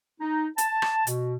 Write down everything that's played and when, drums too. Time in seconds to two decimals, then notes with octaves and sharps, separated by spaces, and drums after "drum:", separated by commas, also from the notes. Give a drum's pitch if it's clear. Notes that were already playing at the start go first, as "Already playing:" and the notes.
0.20 D#4
0.58 A5, drum: hi-hat
0.82 drum: rim click
1.07 B2, drum: hi-hat